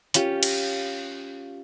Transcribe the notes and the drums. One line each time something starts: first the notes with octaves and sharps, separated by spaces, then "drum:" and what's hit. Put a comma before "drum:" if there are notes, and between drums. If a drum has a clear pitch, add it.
C#4 F4 G4, drum: hi-hat
drum: cymbal